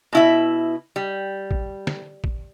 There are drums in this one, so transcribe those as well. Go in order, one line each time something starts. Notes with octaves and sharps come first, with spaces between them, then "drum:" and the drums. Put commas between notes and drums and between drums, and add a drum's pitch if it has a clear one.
B2 E4 E5
G3
drum: kick A1
drum: snare
drum: kick A1